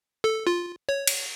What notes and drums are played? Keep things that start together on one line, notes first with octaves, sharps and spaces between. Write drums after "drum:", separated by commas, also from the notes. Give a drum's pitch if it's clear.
A4
F4
C#5
drum: cymbal